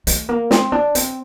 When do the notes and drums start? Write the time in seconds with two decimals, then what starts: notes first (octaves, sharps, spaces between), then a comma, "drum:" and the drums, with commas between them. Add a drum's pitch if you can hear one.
0.07 A3, drum: hi-hat
0.29 A#3
0.51 C4, drum: snare
0.72 D4
0.95 C4, drum: hi-hat